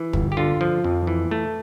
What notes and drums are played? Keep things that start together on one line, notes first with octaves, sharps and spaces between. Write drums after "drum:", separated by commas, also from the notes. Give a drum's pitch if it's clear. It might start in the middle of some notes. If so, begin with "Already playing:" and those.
Already playing: E3
G1, drum: kick
G4
D3 F4
F3
F2
E3
A3